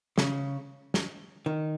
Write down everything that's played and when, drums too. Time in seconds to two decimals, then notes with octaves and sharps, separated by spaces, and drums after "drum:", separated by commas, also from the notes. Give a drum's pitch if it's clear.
0.18 C#3, drum: snare
0.94 drum: snare
1.46 D#3